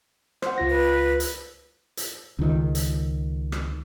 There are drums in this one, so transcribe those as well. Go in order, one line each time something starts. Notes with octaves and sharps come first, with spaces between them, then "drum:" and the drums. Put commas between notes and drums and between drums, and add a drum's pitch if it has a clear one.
C5 F#5, drum: rim click
C#2 F4 A#6
B4
drum: hi-hat
drum: hi-hat
C#2 D#3
drum: hi-hat
drum: rim click